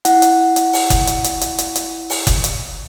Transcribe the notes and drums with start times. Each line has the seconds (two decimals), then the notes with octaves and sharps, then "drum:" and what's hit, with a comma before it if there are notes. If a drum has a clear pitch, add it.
0.05 E4 F#5, drum: hi-hat
0.22 drum: hi-hat
0.56 drum: hi-hat
0.73 drum: open hi-hat
0.90 drum: kick F#1, hi-hat
1.07 drum: hi-hat
1.24 drum: hi-hat
1.41 drum: hi-hat
1.58 drum: hi-hat
1.76 drum: hi-hat
2.10 drum: open hi-hat
2.27 drum: kick F#1, hi-hat
2.44 drum: hi-hat